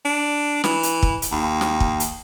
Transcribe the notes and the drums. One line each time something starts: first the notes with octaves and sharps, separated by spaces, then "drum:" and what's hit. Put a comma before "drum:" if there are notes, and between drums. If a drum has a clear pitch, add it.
D4
E3, drum: snare
drum: hi-hat
drum: kick
drum: hi-hat
D#2
drum: snare
drum: kick
drum: hi-hat